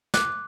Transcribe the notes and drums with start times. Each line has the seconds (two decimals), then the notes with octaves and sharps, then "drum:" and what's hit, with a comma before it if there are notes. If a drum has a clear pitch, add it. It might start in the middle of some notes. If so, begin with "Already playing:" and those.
0.14 D6 F#6, drum: snare